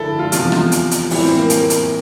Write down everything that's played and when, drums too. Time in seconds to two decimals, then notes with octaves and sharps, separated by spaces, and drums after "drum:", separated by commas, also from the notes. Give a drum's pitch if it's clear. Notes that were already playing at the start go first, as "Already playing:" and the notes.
Already playing: G2 D3 F3 D4 E4 A4
0.19 F4
0.32 E2 C3 F3 F4, drum: hi-hat
0.52 drum: rim click
0.72 drum: hi-hat
0.91 drum: hi-hat
1.10 A2 E3 G3 E4, drum: open hi-hat
1.24 C4
1.37 A#3
1.50 A#3, drum: hi-hat
1.70 drum: hi-hat